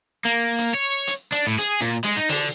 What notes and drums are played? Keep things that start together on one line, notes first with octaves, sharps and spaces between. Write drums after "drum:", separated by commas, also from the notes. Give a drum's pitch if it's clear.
A#3
drum: hi-hat
C#5
drum: hi-hat
D4, drum: hi-hat
A2
G#4, drum: hi-hat
A#2, drum: hi-hat
G#3, drum: hi-hat
D#4
D3, drum: open hi-hat